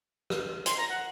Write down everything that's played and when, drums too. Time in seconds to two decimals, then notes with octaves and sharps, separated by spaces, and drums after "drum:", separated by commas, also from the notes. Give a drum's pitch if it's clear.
0.30 drum: rim click
0.66 C6, drum: hi-hat
0.77 A#5
0.89 F#5